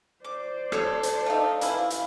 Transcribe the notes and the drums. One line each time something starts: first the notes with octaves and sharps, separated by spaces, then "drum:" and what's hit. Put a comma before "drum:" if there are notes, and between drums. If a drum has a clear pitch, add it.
C5 D5 D6
A4 C#5, drum: rim click
drum: hi-hat
A3 D#4 F5
E3 E4, drum: hi-hat
drum: hi-hat